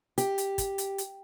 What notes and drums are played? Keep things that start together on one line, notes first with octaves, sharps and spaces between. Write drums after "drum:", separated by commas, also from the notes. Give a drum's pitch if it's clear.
G4, drum: hi-hat
drum: hi-hat
drum: kick, hi-hat
drum: hi-hat
drum: hi-hat